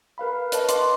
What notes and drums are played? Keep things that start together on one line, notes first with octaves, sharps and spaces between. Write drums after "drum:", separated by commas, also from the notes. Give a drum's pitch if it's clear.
A#4 B4 F5 B5
B4 C#5 D#5 A5, drum: hi-hat
C6 D6, drum: hi-hat